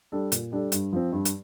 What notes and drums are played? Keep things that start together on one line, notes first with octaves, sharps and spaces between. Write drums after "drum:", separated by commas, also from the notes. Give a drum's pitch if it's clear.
G3 D4 A4
A#2, drum: hi-hat
G3 D4 A4
G2, drum: hi-hat
F3 C4
G2
drum: hi-hat